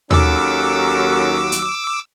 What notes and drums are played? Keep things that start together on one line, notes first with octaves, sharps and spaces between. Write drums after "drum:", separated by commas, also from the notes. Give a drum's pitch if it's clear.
D#2 F#3 C#4 A4 A#4 D6 E6, drum: tom D#2
drum: hi-hat